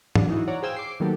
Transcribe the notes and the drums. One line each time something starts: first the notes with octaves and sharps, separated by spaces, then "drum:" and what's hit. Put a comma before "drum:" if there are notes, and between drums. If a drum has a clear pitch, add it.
A2 C#3 F#3 D4, drum: tom G#2
E3 D#4 E4 F#4
C#5 D5 F#5 A#5
G#4 C5 F5 G5 G#5 E6
D6 C7
D#3 F#3 A#3 B3 G4 A4